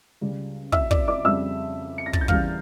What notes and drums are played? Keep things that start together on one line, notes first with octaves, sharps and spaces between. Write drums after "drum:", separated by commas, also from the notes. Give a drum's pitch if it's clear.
C#2 C#3 G3
E5 E6, drum: kick
D5 D6, drum: kick
D5 D6
F2 C#3 G3 E5 E6
C#7
A#6
A6, drum: kick
G6
E2 C#3 E3 G3 F5 F6, drum: kick